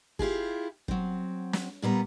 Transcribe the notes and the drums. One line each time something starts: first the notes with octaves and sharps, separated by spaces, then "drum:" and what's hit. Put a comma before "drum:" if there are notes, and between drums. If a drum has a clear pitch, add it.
E4 F4 G4 G#4, drum: kick
F#3 C4, drum: kick
drum: snare
A#2 G3 B3 A#5